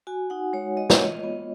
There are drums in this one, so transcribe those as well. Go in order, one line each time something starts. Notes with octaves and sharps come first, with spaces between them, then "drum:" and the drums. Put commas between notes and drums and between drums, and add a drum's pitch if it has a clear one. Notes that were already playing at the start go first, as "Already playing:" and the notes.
F#4 G#5
D#4 F#5
G#3 C#5
G#3 D#5
C#5, drum: snare
F4 D#5
B3